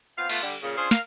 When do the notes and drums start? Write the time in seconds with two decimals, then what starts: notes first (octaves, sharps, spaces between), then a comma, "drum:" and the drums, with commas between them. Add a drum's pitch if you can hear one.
0.17 B3 C4 F4 F5
0.29 A3 B3 F4, drum: cymbal
0.43 D3 G3
0.62 A#2 C#3
0.77 C#4 D4 F4 G#4 C5
0.91 A#4 F5, drum: snare